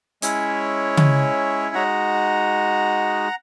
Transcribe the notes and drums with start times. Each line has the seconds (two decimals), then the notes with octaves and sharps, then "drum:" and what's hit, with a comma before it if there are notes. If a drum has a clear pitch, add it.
0.22 G#3 C#4 E4 C#5 E5, drum: hi-hat
0.97 drum: tom C#3
1.75 G#3 D#4 F#4 F#5 A#5